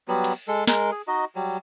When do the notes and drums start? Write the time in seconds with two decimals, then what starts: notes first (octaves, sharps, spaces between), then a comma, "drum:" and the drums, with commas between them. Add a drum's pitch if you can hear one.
0.08 F#3 G3 B3
0.24 drum: cymbal
0.48 G#3 A4
0.67 G#3 A#4, drum: snare
0.92 G#4
1.08 D#4 F#4 D#5
1.35 F#3 G3